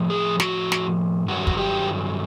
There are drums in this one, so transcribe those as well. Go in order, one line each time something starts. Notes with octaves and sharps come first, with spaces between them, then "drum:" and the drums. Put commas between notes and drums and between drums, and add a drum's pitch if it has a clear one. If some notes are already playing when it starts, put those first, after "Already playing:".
Already playing: A2 F3
G#4
F#4, drum: snare
drum: snare
G2 D#3 F#3 F#4
F#4, drum: kick
G4